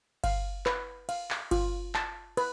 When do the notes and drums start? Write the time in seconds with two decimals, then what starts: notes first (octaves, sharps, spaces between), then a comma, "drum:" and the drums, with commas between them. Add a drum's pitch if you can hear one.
0.24 F5, drum: kick G1, cymbal
0.66 B4, drum: clap
1.09 F5, drum: cymbal
1.31 drum: clap
1.51 F4, drum: kick G1, cymbal
1.95 A5, drum: clap
2.37 B4, drum: cymbal